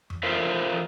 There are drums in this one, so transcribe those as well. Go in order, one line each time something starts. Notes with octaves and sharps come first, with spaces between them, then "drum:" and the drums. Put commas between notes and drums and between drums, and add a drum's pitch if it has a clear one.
drum: tom F2
F4 A4 A#4 C5 E5 F5